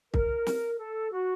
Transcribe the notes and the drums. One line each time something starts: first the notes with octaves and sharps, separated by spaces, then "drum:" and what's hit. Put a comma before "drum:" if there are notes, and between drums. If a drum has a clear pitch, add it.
A#4, drum: kick
drum: snare
A4
F#4